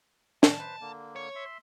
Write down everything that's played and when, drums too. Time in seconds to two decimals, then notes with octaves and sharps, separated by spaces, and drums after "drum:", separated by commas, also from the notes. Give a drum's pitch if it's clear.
0.43 A5, drum: snare
0.59 B4 C5
0.81 D3 A#3
1.16 C#5
1.35 E5 C6